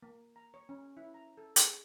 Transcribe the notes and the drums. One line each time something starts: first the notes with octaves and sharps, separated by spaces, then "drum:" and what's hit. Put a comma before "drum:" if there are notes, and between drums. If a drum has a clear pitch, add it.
A#3
A#5
C#5
C#4
E4
A#5
A4
G#4, drum: hi-hat